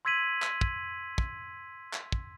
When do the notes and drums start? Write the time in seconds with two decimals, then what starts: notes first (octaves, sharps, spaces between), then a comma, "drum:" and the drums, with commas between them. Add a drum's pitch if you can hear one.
0.05 C6 E6 G#6 B6 D#7 F#7
0.42 drum: clap
0.61 drum: kick
1.18 drum: kick
1.94 drum: clap
2.12 drum: kick